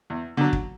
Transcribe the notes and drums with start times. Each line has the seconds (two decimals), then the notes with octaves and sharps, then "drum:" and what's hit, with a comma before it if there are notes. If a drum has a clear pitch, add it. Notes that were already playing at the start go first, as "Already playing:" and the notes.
0.10 E2
0.37 D3 F#3
0.53 drum: kick